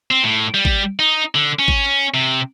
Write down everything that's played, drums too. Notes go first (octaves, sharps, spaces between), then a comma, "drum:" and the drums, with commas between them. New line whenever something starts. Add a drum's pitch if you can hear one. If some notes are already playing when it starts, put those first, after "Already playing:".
C4
A2
G3
drum: kick G#1
D#4
D3
C#4
drum: kick G#1
C3